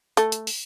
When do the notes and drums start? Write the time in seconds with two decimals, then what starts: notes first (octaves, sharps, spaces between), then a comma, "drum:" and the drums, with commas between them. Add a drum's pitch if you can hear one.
0.17 A3, drum: hi-hat
0.32 drum: hi-hat
0.47 drum: open hi-hat